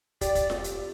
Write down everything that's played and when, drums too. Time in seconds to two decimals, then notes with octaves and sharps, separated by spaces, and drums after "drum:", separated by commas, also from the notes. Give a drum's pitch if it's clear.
0.21 G4 D5, drum: kick, hi-hat
0.35 drum: kick, hi-hat
0.50 drum: snare F4
0.64 drum: hi-hat